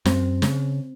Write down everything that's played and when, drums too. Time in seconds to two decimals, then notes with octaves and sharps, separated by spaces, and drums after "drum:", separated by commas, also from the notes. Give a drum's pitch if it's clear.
0.05 F#2 C4, drum: snare
0.42 C#3, drum: snare